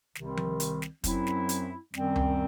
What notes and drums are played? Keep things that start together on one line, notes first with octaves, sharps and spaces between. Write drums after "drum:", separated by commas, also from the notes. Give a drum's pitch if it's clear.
C2 C3 D#3 G3 C4, drum: snare
drum: tom F3
drum: hi-hat
drum: snare
F#2 F#3 C4 E4, drum: kick, hi-hat
drum: snare
drum: hi-hat
F#2 D#3 G3 C4, drum: snare
drum: tom C#2